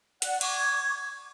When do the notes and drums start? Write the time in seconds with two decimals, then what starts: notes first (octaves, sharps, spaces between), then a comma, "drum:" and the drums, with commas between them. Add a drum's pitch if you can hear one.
0.22 D5 F#5 F#6, drum: hi-hat
0.41 C#6 D6 G#6, drum: cymbal